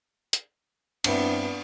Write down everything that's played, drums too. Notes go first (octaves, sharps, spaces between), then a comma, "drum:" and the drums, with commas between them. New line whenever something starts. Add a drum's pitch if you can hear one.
drum: hi-hat
G2 B3 C4 D4 E4, drum: cymbal